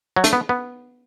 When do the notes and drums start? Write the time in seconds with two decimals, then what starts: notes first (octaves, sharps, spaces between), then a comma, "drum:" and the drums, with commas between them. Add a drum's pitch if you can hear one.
0.16 F#3
0.24 A3, drum: hi-hat
0.33 B3
0.49 B3